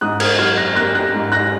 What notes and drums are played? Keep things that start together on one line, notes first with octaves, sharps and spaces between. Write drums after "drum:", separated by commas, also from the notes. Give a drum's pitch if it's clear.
G#2 D#6 F#6
F6 G#6, drum: cymbal
F#3 F6 G#6
F#6 A#6
A#3 F#6 A#6
F#6 A#6
G#2
F#6 A#6